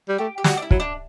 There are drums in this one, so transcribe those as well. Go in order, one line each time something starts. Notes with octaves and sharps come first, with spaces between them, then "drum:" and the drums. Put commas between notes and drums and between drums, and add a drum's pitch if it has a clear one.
G3
A3 G4
G4
G3 F#4, drum: snare
D4
E4
F#3, drum: kick
D4